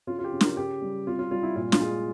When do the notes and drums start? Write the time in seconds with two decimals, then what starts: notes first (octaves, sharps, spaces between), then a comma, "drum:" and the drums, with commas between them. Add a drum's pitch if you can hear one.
0.07 C#3 F4
0.19 F4
0.24 G4
0.33 C#3
0.41 A#4, drum: snare
0.57 C#3 G4
0.82 G3
1.06 C3 F4
1.19 F4
1.31 G3 F4
1.43 E4
1.56 A#2 F4
1.72 F4, drum: snare
1.80 G#3